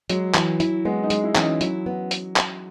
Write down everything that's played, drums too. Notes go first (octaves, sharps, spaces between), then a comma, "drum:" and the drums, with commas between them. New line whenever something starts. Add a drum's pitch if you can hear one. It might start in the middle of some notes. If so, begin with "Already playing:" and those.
F#3 G#3, drum: hi-hat
E3, drum: clap
E4, drum: hi-hat
G#3 B3
D#4
G#3, drum: hi-hat
E4
E3 C#4, drum: clap
D#4
F#3 E4, drum: hi-hat
B3
drum: hi-hat
drum: clap